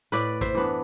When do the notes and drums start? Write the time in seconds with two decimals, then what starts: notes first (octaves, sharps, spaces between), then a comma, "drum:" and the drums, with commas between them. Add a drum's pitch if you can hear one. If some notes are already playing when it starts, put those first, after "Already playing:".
0.12 A2 B4 D5, drum: hi-hat
0.41 C5 E5, drum: kick A1, hi-hat
0.55 E3 B3 D4